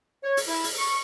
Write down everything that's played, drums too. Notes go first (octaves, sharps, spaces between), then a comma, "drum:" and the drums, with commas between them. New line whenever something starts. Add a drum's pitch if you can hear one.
C#5
drum: open hi-hat
E4
drum: open hi-hat
C#6